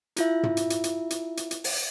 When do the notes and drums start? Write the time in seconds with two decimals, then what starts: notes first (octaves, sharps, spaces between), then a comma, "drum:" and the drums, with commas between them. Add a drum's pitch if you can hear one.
0.17 E4 F4 E5, drum: hi-hat
0.43 drum: tom
0.57 drum: hi-hat
0.70 drum: hi-hat
0.84 drum: hi-hat
1.10 drum: hi-hat
1.37 drum: hi-hat
1.51 drum: hi-hat
1.64 drum: open hi-hat